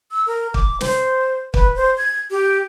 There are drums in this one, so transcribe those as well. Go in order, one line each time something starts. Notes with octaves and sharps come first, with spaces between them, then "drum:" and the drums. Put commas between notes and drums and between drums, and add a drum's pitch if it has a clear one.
E6
A#4
D6, drum: kick
C5, drum: snare
B4, drum: kick
C5
G#6
G4